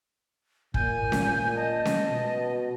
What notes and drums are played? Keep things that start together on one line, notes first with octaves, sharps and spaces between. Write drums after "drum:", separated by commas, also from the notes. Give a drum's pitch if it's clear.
A#2 G#5 G6, drum: kick
drum: snare C#4
D#5 A5
drum: snare C#4
B2